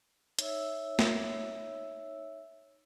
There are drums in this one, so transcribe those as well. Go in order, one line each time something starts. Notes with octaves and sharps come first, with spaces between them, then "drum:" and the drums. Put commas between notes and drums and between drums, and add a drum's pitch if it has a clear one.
D#4 C#5 E5 E6, drum: hi-hat
drum: snare